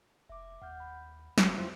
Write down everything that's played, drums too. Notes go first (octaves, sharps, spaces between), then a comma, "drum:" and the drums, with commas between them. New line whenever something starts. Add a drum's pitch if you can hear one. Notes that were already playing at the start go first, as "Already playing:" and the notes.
F1 E5 D6
D#2 F#5 F6 G6
B5
F#1 F#3, drum: snare
E2 E4 F4 C5